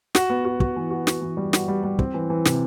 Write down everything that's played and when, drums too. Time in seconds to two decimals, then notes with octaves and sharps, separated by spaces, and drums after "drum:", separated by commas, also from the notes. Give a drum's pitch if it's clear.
0.15 F#4, drum: snare
0.30 B3
0.45 F#4
0.60 F#4, drum: kick
0.76 E3
0.91 F#4
1.07 F#4, drum: snare
1.21 E3
1.37 G3
1.53 F#4, drum: snare
1.68 G3
1.84 G3
1.99 C4, drum: kick
2.14 E3
2.30 E3
2.45 C3, drum: snare